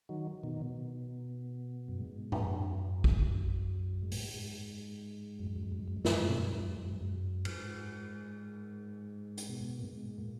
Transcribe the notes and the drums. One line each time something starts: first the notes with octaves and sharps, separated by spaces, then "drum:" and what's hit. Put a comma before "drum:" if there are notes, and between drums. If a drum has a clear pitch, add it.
D#3 F#3
B2 D#3
B2
F#2
G#2
F#2, drum: tom G#2
F#2
drum: kick
G#2
A#2, drum: open hi-hat
G#2
F#2
G#2
F#2
G#2
F#2
G#2
F#2
G#2
F#2, drum: snare
G#2
F#2
G#2, drum: tom B2
F#2
G#2
F#2
G#2
F#2
G#2
F#2
G#2
F#2
G#2, drum: cymbal
drum: hi-hat
B2
A#2
G#2
A#2